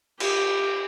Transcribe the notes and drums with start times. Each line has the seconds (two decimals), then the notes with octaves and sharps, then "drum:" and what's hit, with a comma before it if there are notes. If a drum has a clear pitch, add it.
0.20 G4, drum: cymbal